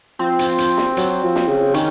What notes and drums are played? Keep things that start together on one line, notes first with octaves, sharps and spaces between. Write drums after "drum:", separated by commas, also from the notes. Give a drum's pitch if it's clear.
F3 C4
drum: hi-hat
drum: hi-hat
drum: snare
F#3, drum: hi-hat
F3
drum: snare
C#3
D#3 C#4, drum: hi-hat